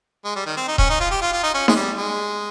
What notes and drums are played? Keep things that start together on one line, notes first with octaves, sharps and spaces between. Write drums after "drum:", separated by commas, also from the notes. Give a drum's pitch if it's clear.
G#3
G3
D#3
C4
D#4
C#4, drum: kick D#1
D#4
F4
G4
F4
F4
D#4
C#4
G#3, drum: snare D#4
G3
G#3